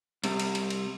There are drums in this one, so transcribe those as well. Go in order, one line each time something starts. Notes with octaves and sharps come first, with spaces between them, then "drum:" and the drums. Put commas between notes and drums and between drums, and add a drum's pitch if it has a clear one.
C2 C3, drum: cymbal
drum: cymbal
drum: cymbal
drum: cymbal